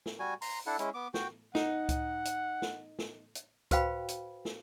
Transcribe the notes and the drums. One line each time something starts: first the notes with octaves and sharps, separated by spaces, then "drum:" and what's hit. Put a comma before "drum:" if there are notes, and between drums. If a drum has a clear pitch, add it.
drum: snare
G3 F#4 G#5
A#5 C6, drum: open hi-hat
D4 E4 A4 F#5
G#3 C#4 E4, drum: hi-hat
B3 D6
F#4 G5, drum: snare
D#4 F#5, drum: snare
drum: kick C#2, hi-hat
drum: hi-hat
drum: snare
drum: snare
drum: hi-hat
F#4 B4 C5 F5 G5 B5, drum: kick C#2, hi-hat
drum: hi-hat
drum: snare